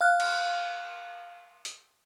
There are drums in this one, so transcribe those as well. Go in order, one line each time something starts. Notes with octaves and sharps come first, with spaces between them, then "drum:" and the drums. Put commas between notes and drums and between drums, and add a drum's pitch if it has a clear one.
F5 F6 F#6
drum: cymbal
drum: hi-hat